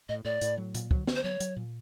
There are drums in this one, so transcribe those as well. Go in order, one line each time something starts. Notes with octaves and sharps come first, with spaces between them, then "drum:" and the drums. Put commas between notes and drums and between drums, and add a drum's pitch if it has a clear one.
A2 D#5
A2 D5
A2, drum: hi-hat
F#3
A#2, drum: hi-hat
F#3, drum: kick
B3, drum: snare C5
C5
F#3 C#5
F#3, drum: hi-hat
A#2